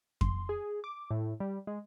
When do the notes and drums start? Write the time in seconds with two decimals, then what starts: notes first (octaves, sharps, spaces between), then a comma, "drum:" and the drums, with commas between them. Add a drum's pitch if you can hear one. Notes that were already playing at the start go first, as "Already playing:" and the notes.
0.21 C6, drum: kick F2
0.49 G#4
0.84 D6
1.11 A2
1.40 G3
1.67 G#3